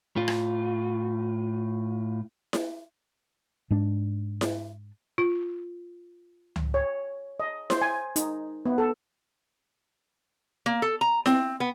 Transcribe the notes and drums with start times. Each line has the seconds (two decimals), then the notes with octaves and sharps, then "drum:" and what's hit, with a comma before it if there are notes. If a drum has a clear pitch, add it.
0.16 A2 F4
0.28 drum: rim click
2.53 drum: snare E4
3.71 G#2 G#3 D4
4.41 drum: snare E4
5.18 F4
6.56 drum: tom C#2
6.74 C#5
7.40 D#5
7.70 C5, drum: snare E4
7.82 G#5
8.16 D#4, drum: hi-hat
8.66 B3
8.78 A4
10.66 A#3
10.82 A4
11.01 A#5
11.26 C4, drum: snare E4
11.60 B3